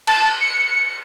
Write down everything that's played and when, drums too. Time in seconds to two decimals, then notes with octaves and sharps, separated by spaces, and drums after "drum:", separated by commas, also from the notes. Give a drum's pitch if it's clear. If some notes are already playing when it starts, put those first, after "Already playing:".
0.07 A5, drum: cymbal
0.41 C#7